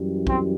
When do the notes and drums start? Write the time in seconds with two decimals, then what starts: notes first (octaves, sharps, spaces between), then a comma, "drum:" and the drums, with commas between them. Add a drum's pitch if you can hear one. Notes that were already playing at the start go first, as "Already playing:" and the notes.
Already playing: F#2 E3 G3
0.27 C4, drum: kick